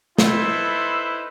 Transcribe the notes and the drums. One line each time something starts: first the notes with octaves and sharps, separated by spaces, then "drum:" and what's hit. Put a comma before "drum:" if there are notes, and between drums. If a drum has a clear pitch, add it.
D#4 E4 A4 B4 C5, drum: snare